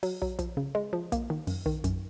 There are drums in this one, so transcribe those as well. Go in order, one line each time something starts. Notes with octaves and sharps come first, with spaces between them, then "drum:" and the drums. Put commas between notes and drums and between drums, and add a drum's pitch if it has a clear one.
F#3, drum: open hi-hat
F#3, drum: kick
F3, drum: kick, hi-hat
C#3
G#3
F3
A#3, drum: kick, hi-hat
D#3
F#2, drum: open hi-hat
D#3, drum: kick
F#2, drum: kick, hi-hat